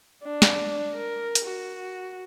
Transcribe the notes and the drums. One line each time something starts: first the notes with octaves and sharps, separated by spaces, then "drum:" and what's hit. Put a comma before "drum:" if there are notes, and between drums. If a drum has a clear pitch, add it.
D4
drum: snare
A#4
drum: hi-hat
F#4